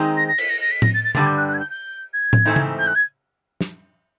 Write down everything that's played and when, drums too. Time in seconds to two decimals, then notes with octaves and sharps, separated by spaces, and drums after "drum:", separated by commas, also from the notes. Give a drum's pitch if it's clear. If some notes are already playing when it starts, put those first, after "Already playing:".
Already playing: D#3 G#3 C4 D#4
0.17 A#6
0.27 A#6
0.38 B6, drum: cymbal
0.49 A#6
0.60 A#6
0.71 B6
0.82 A#6, drum: tom A2
0.93 A6
1.04 A6
1.15 G2 D3 G3 A6, drum: tom C#3
1.26 G6
1.37 F#6
1.47 F#6
1.53 G#6
1.59 G6
1.70 G6
2.13 G#6
2.33 drum: tom A2
2.45 G#2 E3 A3 C4 D#4
2.56 drum: tom C#3
2.78 G6
2.86 F#6
2.95 G#6
3.61 drum: snare